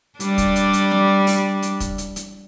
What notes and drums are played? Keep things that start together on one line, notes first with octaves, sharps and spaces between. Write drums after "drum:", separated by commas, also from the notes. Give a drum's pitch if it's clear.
G3 D4, drum: hi-hat
drum: kick, hi-hat
drum: hi-hat
drum: hi-hat
drum: snare
drum: open hi-hat
drum: hi-hat
drum: kick, hi-hat
drum: hi-hat
drum: hi-hat